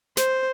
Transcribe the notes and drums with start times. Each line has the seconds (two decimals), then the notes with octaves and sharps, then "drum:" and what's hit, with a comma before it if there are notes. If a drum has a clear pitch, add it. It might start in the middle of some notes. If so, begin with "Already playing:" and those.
0.17 C5, drum: snare